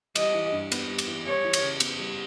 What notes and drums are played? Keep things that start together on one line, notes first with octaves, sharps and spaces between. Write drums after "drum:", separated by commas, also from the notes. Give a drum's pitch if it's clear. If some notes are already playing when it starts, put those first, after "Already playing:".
G3 D#5, drum: cymbal
E3
G2
B3, drum: cymbal
G3
drum: cymbal
E3
G3 C#5
E3
drum: cymbal
C#3
B3, drum: cymbal
G3